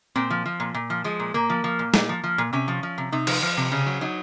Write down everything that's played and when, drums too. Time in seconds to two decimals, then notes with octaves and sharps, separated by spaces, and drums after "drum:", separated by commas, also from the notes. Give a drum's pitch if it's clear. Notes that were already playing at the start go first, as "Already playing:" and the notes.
0.16 A#2 C4
0.30 F3
0.46 F3
0.60 A#2
0.74 A#2
0.90 F3
1.04 F3 G#3
1.20 A#2
1.34 A#2 A#3
1.50 F3
1.64 F3
1.79 A#2
1.94 A#2, drum: snare
2.09 F3
2.24 F3
2.38 A#2
2.53 C3 C#4
2.68 F3
2.83 F3
2.98 C3
3.12 C3 D#4
3.27 F3, drum: cymbal
3.42 F3
3.57 C3
3.72 C#3 C#4
3.86 F#3
4.01 F#3 D#4